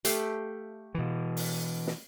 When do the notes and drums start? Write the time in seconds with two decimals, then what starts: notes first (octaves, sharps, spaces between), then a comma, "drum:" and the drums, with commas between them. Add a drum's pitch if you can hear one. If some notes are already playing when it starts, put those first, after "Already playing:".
0.05 A3 G4 F5, drum: hi-hat
0.95 B2 E3
1.37 drum: open hi-hat
1.87 drum: snare